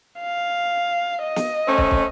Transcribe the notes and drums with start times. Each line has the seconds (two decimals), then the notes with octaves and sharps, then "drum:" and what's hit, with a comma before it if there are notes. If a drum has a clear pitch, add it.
0.20 F5
1.22 D#5
1.36 drum: snare
1.68 A3 C4 C#4
1.78 drum: kick
1.91 drum: kick